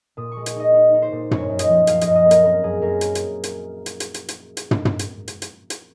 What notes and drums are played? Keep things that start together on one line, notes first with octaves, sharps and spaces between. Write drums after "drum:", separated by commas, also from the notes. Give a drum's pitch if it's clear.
A#2 D#6
C#6
G#3
C#6, drum: hi-hat
D#4 D#5
D#4
D#4
C5
A#2
F#2 C#5, drum: tom
F#2
D#5, drum: hi-hat
F3
F#2 F5, drum: hi-hat
D#5, drum: hi-hat
F#2
D#5
A#3
A#4, drum: hi-hat
C4 A#4
F#2 G#4
F#2 A#4
drum: hi-hat
drum: hi-hat
drum: hi-hat
drum: hi-hat
drum: hi-hat
drum: hi-hat
drum: hi-hat
drum: hi-hat
drum: tom
drum: tom
drum: hi-hat
drum: hi-hat
drum: hi-hat
drum: hi-hat